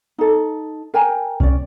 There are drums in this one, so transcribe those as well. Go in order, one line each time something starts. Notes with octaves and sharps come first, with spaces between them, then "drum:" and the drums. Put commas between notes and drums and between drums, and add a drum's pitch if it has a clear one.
D#4 A4
A#4 G5 G#5 A#5
C#4 D5, drum: kick B1